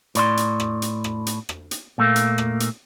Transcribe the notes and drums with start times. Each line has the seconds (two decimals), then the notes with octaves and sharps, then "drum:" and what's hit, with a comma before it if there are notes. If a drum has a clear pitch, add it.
0.15 A2 D5 C6, drum: hi-hat
0.37 drum: hi-hat
0.60 drum: rim click
0.82 drum: hi-hat
1.04 drum: rim click
1.27 drum: hi-hat
1.49 drum: rim click
1.71 drum: hi-hat
1.98 A#2 A3 A#3
2.16 drum: hi-hat
2.38 drum: rim click
2.60 drum: hi-hat